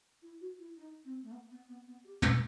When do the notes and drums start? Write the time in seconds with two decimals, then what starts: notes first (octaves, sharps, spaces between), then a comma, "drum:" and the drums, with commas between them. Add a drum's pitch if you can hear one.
0.22 E4
0.40 F#4
0.59 E4
0.77 D#4
1.04 C4
1.22 A3
1.31 B3
1.50 B3
1.68 B3
1.87 B3
2.04 G4
2.22 B4, drum: tom